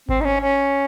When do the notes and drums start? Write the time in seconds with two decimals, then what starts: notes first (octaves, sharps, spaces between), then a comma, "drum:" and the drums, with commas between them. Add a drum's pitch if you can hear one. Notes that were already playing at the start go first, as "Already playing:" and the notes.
0.09 C4, drum: kick G#1
0.21 D#4
0.24 C#4
0.40 C#4